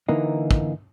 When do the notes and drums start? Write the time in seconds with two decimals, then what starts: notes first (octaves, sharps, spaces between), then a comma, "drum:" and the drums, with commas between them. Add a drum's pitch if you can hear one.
0.09 D3 E3 A#3 D#4
0.51 drum: kick